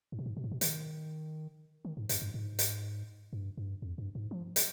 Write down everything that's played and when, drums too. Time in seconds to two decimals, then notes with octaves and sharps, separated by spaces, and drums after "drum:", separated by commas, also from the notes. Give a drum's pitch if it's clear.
0.12 G#2
0.19 B2
0.26 G#2
0.37 B2
0.44 G#2
0.52 B2
0.61 D#3, drum: hi-hat
1.85 D#3
1.97 G#2
2.09 G2, drum: hi-hat
2.22 G2
2.34 G#2
2.59 drum: hi-hat
3.33 G2
3.57 G2
3.82 F2
3.98 G2
4.15 G#2
4.31 F3
4.56 drum: hi-hat